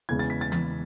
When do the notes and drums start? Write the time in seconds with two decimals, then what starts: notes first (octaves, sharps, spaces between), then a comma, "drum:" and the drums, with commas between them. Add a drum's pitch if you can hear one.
0.09 E2 C#3 G#3 G#6
0.19 A6
0.30 B6
0.41 A6
0.52 A6, drum: tom E3